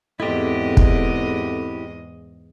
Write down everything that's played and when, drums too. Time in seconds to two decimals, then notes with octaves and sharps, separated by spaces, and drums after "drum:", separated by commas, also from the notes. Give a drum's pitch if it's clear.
0.20 E2 G#2 C4 E4 G4 A4 D#5
0.77 drum: kick